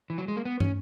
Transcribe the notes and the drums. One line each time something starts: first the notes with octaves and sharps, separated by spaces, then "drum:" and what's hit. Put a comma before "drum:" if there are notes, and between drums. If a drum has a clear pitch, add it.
E3
F#3
G#3
A#3
B3
C#4, drum: tom